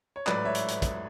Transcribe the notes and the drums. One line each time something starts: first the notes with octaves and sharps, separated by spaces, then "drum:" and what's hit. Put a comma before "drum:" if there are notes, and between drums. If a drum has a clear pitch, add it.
C#5
A1 G#2 F#3 A3 B4 D5, drum: clap
C#5 E5
drum: hi-hat
drum: hi-hat
drum: kick, hi-hat